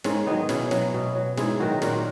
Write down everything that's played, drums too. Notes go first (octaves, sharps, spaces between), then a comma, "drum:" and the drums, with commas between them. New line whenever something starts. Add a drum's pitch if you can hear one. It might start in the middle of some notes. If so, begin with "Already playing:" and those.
G#2 A#3 C#4, drum: snare
D#3 F#3 B3 D#4
B2 C#4 E4, drum: snare
F#3, drum: snare
B2
F#3
G#2 E4 G#4, drum: snare
D#3 F#3 F#4 A#4
A#2 F#4 A#4, drum: snare
F#4